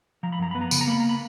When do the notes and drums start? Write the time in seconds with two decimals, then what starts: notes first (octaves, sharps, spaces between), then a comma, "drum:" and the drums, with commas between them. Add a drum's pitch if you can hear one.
0.23 F3 A#5
0.32 B5
0.39 F#2 A#5
0.51 B3 B5
0.61 A#5
0.71 C#3 B5, drum: tambourine
0.81 A#5
0.87 A#3 B5
1.00 A#5
1.09 B5